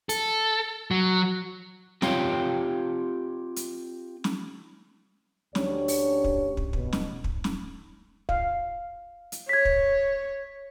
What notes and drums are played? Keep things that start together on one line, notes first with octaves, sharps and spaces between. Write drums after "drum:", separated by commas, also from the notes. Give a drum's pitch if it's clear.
A4, drum: hi-hat
F#3
C4 F4 G4 C#5 F5 G5, drum: snare
drum: hi-hat
drum: snare
D2 C#4 D4 G4 C#5, drum: snare
drum: open hi-hat
drum: kick
drum: kick
B2, drum: kick
drum: snare
drum: kick
drum: snare
F5, drum: kick
drum: hi-hat
C#5 G#6 B6
drum: kick